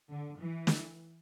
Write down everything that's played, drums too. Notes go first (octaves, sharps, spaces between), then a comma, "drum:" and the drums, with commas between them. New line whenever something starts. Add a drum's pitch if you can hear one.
D3
E3
drum: snare